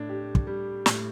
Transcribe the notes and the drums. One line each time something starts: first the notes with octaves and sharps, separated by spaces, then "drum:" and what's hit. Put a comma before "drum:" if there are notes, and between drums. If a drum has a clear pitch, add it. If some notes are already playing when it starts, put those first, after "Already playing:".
Already playing: A2 D4
G4
drum: kick
G3
A2, drum: snare